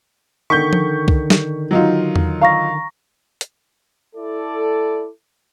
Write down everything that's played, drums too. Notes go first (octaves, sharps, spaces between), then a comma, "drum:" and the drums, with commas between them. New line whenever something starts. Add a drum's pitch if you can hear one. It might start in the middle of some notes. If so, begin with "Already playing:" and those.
D3 D#3 C#6 G6 B6
drum: tom F3
drum: kick C2
drum: snare
F#3 D#4 F4
drum: tom E2
F5 A#5 C#6 A#6
drum: hi-hat
E4 A4 D5